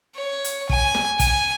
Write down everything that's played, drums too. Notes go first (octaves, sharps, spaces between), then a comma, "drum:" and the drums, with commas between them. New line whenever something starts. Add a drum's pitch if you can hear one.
C#5
drum: hi-hat
G#5, drum: kick
drum: snare
G#5, drum: kick, hi-hat